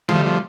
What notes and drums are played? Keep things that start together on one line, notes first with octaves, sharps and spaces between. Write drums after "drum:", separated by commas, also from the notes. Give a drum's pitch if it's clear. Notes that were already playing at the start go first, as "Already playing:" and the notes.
F3 G#3, drum: tom D3
G3 A3
F3